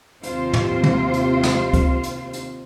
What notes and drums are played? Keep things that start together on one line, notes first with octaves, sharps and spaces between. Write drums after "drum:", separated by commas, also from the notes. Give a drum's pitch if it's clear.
D#2 C3 F4 C5, drum: hi-hat
drum: tom
drum: tom
drum: hi-hat
drum: snare
drum: kick C#2, hi-hat
drum: hi-hat
drum: hi-hat